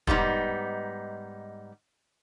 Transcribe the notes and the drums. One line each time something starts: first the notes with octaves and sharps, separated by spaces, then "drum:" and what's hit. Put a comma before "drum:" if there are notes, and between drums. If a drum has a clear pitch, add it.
G#2 G3 B3 D#4, drum: kick